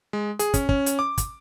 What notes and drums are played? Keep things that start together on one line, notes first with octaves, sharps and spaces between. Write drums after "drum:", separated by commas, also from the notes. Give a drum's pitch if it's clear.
G#3
G#4, drum: hi-hat
C#4, drum: kick, hi-hat
C#4, drum: kick
drum: hi-hat
D6
drum: kick, hi-hat